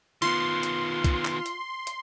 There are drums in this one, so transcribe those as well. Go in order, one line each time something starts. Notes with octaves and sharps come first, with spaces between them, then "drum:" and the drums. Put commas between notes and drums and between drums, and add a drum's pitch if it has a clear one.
D#3 B3 F4 C6, drum: hi-hat
drum: hi-hat
drum: kick, hi-hat
drum: clap
drum: hi-hat
drum: hi-hat